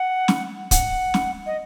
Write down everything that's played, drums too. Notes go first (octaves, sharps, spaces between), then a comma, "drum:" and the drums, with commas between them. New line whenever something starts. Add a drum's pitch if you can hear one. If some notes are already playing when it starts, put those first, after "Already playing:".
Already playing: F#5
drum: snare
F#5, drum: kick, hi-hat
drum: snare
D#5